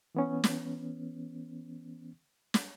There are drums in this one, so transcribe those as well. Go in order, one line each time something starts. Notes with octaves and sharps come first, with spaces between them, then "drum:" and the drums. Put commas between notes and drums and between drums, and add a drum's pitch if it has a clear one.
E3 B3 C#4
drum: snare
drum: snare